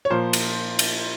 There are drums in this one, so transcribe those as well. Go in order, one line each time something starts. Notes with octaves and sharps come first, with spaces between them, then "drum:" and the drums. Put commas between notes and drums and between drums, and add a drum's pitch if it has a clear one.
C#5
A#2 F3 A#3 C5
drum: cymbal
drum: cymbal